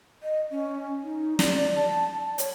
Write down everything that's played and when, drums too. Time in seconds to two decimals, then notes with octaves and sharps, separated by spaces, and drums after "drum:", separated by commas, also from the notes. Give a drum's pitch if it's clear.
0.23 D#5
0.51 C#4
1.04 D#4
1.39 D5, drum: snare
1.76 A5
2.38 C#5, drum: hi-hat